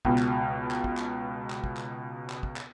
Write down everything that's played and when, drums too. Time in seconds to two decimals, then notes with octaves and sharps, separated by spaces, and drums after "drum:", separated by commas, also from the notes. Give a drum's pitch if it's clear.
0.05 C#2 B2, drum: kick
0.18 drum: clap
0.71 drum: clap
0.84 drum: kick
0.97 drum: clap
1.50 drum: clap
1.64 drum: kick
1.77 drum: clap
2.30 drum: clap
2.43 drum: kick
2.56 drum: clap